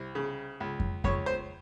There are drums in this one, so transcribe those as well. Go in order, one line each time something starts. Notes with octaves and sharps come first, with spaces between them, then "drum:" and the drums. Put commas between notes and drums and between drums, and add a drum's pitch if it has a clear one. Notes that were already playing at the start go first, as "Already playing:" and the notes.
Already playing: C2
C#3
C#2
drum: kick F2
C#2 C#5, drum: kick F2
C5